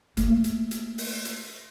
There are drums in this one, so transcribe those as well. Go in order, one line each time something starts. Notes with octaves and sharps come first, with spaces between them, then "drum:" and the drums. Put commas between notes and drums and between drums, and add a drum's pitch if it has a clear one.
A3 A#3, drum: hi-hat
drum: hi-hat
drum: hi-hat
drum: open hi-hat
drum: hi-hat